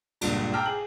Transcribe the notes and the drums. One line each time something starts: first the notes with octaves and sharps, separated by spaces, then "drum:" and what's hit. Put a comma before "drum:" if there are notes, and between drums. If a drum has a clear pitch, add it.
C#2 G2 A#2, drum: cymbal
G5 A5 A#5 D6 E6 F6
G#4 F#7